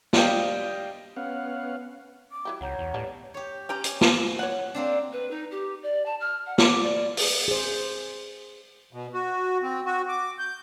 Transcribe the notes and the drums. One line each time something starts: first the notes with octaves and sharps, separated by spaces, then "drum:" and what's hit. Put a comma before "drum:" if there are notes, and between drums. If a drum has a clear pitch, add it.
G3 D4 F4 G4 D#5 G5, drum: snare
B3 C#4 F5 F#5
D6
F#3 E4 G4
C#2 C#5 F#5 A#5 G6
E2
A2 G3 B3 D4
G4 C#5
C#4 G4 G5 A#5
G#5, drum: hi-hat
drum: snare
C#5 F#5
A#3 C4 D4
B4
D#4
G4
D5
A5
F6
F#5
D6, drum: snare
D5
G#4, drum: open hi-hat
G#4 C5
B2
F#4
C4
F#4
D6
G6